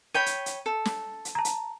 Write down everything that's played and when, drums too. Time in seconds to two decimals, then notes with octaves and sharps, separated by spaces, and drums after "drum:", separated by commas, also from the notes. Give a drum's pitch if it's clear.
0.14 C#5 G5 B5 D#7
0.26 drum: hi-hat
0.46 drum: hi-hat
0.66 A4
0.85 drum: snare
1.25 drum: hi-hat
1.35 A5 A#5
1.45 drum: hi-hat